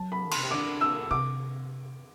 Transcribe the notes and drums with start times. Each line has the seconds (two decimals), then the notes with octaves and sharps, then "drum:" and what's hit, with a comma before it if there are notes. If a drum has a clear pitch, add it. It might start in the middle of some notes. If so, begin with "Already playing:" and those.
Already playing: F#3 A5
0.12 B5
0.31 B2 C6, drum: cymbal
0.43 C3
0.51 D3 D6
0.81 E6
1.11 C3 D6